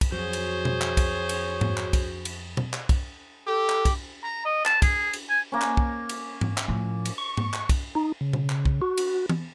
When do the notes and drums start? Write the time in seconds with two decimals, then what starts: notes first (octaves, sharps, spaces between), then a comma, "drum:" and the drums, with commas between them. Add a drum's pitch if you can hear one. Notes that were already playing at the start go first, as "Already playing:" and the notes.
0.01 drum: kick, cymbal
0.12 F2 F#3 F#4 G#4 C5 C#5
0.33 drum: cymbal
0.65 drum: tom B2
0.81 drum: clap
0.97 drum: kick, cymbal
1.29 drum: cymbal
1.61 drum: tom G#2
1.77 drum: clap
1.93 drum: kick, cymbal
2.25 drum: cymbal
2.57 drum: tom B2
2.73 drum: clap
2.89 drum: kick, cymbal
3.47 G4 A4
3.69 drum: clap
3.85 drum: kick, cymbal
4.24 A#5
4.45 D#5
4.65 A5, drum: clap
4.82 G#4, drum: kick, cymbal
5.13 drum: cymbal
5.29 G#5
5.52 A#3 C#4
5.61 drum: clap
5.77 drum: kick
6.09 drum: cymbal
6.41 drum: tom G#2
6.57 drum: clap
6.68 A2 F3
7.05 drum: cymbal
7.18 C#6
7.37 drum: tom G#2
7.53 drum: clap
7.69 drum: kick, cymbal
7.95 D#4
8.21 C#3
8.33 drum: tom B2
8.49 drum: clap
8.65 drum: kick
8.82 F#4
8.97 drum: cymbal
9.29 drum: tom E3